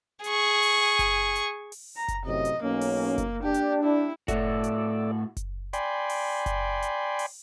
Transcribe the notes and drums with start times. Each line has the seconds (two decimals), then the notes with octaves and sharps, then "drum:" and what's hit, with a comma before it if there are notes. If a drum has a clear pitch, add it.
0.24 G#4 C#6, drum: hi-hat
0.63 drum: open hi-hat
0.99 drum: kick F#1, hi-hat
1.35 drum: hi-hat
1.72 drum: open hi-hat
1.96 A#5
2.08 drum: kick F#1, hi-hat
2.26 F#2 A2 C3 D#5
2.45 drum: hi-hat
2.63 B1 A#3 C#4
2.81 drum: open hi-hat
3.18 drum: kick F#1, hi-hat
3.43 D4 G4
3.54 drum: hi-hat
3.84 E4
4.28 A2 F#4 A4 D5 E5, drum: kick F#1, hi-hat
4.64 drum: hi-hat
5.37 drum: kick F#1, hi-hat
5.73 D5 G5 G#5 B5 C6, drum: hi-hat
6.09 drum: open hi-hat
6.46 drum: kick F#1, hi-hat
6.82 drum: hi-hat
7.19 drum: open hi-hat